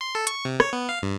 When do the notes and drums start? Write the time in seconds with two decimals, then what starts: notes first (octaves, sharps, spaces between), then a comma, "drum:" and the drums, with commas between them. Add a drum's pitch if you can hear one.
0.01 C6
0.15 A4
0.27 C#6, drum: hi-hat
0.45 C3
0.60 C#5, drum: rim click
0.73 B3
0.89 F5
1.02 G2